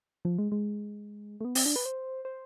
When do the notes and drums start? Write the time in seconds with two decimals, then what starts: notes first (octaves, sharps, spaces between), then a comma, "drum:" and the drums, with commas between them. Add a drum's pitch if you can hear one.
0.25 F3
0.38 G#3
0.52 G#3
1.41 A3
1.45 B3
1.55 C4, drum: open hi-hat
1.66 D4
1.76 B4
1.85 C5
2.25 C5